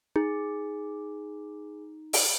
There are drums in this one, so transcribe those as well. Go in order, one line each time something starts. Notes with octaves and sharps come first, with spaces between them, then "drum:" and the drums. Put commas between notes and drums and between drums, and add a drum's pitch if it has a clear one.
D#4 G#4
drum: open hi-hat